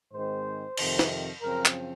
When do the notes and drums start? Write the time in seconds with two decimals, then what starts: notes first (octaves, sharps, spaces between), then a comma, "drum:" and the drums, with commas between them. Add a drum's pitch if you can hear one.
0.12 G#2 D#3 G#3 C4 C5
0.77 F2 C3 D#3, drum: cymbal
0.99 drum: snare
1.42 F#2 C#3 F3 C4 A#4
1.66 drum: clap